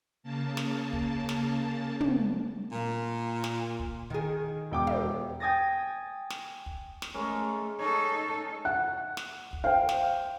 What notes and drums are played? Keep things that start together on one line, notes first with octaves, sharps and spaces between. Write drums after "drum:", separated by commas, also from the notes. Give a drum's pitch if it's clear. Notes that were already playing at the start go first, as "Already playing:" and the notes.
C#3 A#3 A5
drum: snare
drum: kick
drum: snare
drum: tom
A#2
drum: snare
drum: kick
D#3 G#4
E1 G5 D6
drum: tom
G5 G#5 D#6 A6 A#6
drum: snare
drum: kick
drum: snare
G#3 A3 C#4 A#4
D#4 A4 C#5
F#5 F#6
drum: snare
drum: kick
C5 F5 G5
drum: snare